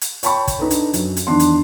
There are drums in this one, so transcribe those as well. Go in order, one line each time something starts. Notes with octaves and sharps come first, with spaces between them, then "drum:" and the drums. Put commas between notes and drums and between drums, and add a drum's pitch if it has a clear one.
drum: hi-hat
C#5 G5 A5 B5 C#6, drum: hi-hat
drum: kick, hi-hat
D4 D#4 A4 B4
drum: hi-hat
F#2, drum: hi-hat
drum: hi-hat
E2 D#3 D4 C6
drum: hi-hat